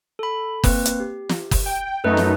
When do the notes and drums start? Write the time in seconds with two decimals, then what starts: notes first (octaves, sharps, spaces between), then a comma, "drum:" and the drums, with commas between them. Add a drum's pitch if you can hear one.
0.19 A4 B5
0.64 A#3 C4 B4, drum: kick F#1, open hi-hat
0.85 drum: hi-hat
1.00 G4
1.29 drum: snare
1.51 drum: kick F#1, open hi-hat
1.66 G5
2.04 F#2 A3 D#4 A4 B4
2.17 drum: snare